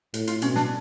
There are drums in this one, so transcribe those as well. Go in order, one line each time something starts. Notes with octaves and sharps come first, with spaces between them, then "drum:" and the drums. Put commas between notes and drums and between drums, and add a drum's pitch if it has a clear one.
A2, drum: hi-hat
F4, drum: hi-hat
B2 C#4, drum: hi-hat
D4, drum: snare